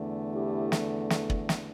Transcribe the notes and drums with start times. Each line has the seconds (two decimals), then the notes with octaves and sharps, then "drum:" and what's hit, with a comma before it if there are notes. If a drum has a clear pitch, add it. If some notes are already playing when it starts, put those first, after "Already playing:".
Already playing: E2 D3 A3
0.33 E4 G4
0.72 drum: snare
1.10 drum: snare
1.30 drum: kick
1.49 drum: snare